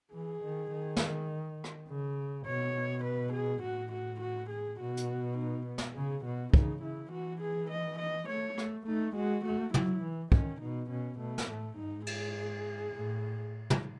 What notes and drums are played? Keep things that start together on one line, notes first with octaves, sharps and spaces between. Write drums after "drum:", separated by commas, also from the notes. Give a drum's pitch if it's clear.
E3 G#4
D#3
D#3
drum: snare
drum: rim click
C#3
B2 C#5
B4
G#4
A2 F#4
F#4
F#4
G#4
B2 F#4
drum: hi-hat
D#4
B3
drum: snare
C#3 G#4
B2 F#4
C#3 D#4, drum: kick
C#3 E4
E3 F#4
G#4
D#5
D#5
A3 C#5
A3, drum: rim click
A3 D#4
G#3 F#4
A3 F#4
F#3 E4, drum: tom
E3
D#3 C#4, drum: kick
B2 D#4
B2 C#4
B2 A3
drum: snare
A2 A3
G#2 D#4
G#4, drum: cymbal
A2
drum: tom